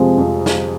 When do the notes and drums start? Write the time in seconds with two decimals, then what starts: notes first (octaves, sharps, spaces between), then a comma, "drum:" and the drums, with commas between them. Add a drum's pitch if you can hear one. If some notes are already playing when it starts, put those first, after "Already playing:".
Already playing: F2 C3 F3 G#3
0.18 F2
0.46 drum: snare